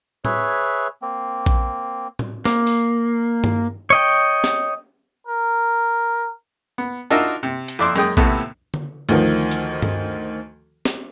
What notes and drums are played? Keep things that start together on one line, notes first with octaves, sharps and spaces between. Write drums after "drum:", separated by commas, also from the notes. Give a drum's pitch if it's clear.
G#4 B4 C#5 E5, drum: tom A2
A#3 C4
drum: kick A#1
drum: tom A2
A#3, drum: snare
drum: open hi-hat
drum: tom G2
C#5 D#5 G5
drum: snare
A#4
B3
D4 D#4 F4 F#4 A#4 E5
C3
drum: hi-hat
F2 E4 D5 E5 C6
F#2 G#3 G5 D#6, drum: open hi-hat
D#2 A2 C3 A3 B3, drum: kick A#1
drum: tom D3
D2 D#3 F3, drum: hi-hat
drum: hi-hat
drum: tom G2
drum: snare